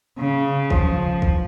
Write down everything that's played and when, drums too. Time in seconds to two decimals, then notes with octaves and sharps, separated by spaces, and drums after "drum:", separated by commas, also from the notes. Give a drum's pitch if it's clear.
0.19 C#3
0.70 F3, drum: kick
1.22 drum: kick